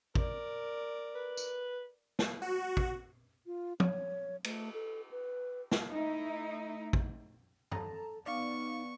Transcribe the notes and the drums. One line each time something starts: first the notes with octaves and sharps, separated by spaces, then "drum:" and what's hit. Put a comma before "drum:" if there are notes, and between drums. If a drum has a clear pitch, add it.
A#4 D5, drum: kick A1
B4
drum: tambourine
drum: snare
F#4
drum: kick A1
F4
C#5, drum: tom
A3, drum: cymbal
A4
B4
drum: snare
A3 D#4 E4
drum: kick A1
A4 A5 A#5, drum: tom
B3 D#4 D5 F5 C#6